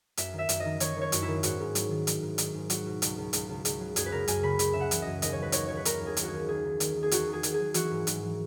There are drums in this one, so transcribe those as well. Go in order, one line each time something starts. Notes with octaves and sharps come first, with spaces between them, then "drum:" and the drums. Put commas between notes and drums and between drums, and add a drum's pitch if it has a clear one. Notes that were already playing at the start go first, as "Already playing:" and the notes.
F#2 E5, drum: hi-hat
D#3
E5
F#2, drum: hi-hat
D#3 D#5
D#3 C#5, drum: hi-hat
D#3 C#5
F#2, drum: hi-hat
E4
D#3
G#2 F#4, drum: hi-hat
G#2
F#3, drum: hi-hat
D#3
F#3, drum: hi-hat
G#2
D#3, drum: hi-hat
G#2
F#3 F#4, drum: hi-hat
B2
C#2, drum: hi-hat
C#2
C#2, drum: hi-hat
C#2
C#2, drum: hi-hat
F#3
F#2 G#4, drum: hi-hat
B4
C#3 A#4
F#2 G#5, drum: hi-hat
C#3 B5
C#3, drum: hi-hat
C#3 E5
F#5
E3, drum: hi-hat
F#2 D#5
D#2 D#5, drum: hi-hat
C#5
F#3 B4
D#2 C#5, drum: hi-hat
D#2 C#5
B4
D#2 A#4, drum: hi-hat
D#2
G#4
D#3, drum: hi-hat
F#4 G#4
D#2
D#3 G#4
D#3
D#3, drum: hi-hat
D#3
G#4
E2 F#4, drum: hi-hat
D#3
G#4
D#3, drum: hi-hat
G#4
F#3
E3 F#4, drum: hi-hat
G#2
G#2, drum: hi-hat
E3